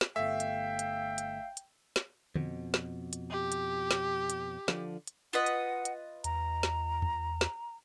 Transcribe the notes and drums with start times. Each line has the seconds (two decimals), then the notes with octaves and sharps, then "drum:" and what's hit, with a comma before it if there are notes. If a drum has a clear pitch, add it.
0.01 drum: snare
0.16 G1 A3 E5 F5 G5
0.40 drum: hi-hat
0.79 drum: hi-hat
1.18 drum: hi-hat
1.57 drum: hi-hat
1.96 drum: snare
2.36 F2 B2, drum: tom D3
2.74 drum: snare
3.13 drum: hi-hat
3.30 G4
3.52 drum: hi-hat
3.91 drum: snare
4.30 drum: hi-hat
4.68 D3 F3, drum: snare
5.07 drum: hi-hat
5.33 F4 B4 D#5 F#5
5.46 drum: hi-hat
5.85 drum: hi-hat
6.24 E2 A#5, drum: hi-hat
6.63 drum: snare
7.02 drum: tom E2
7.41 drum: snare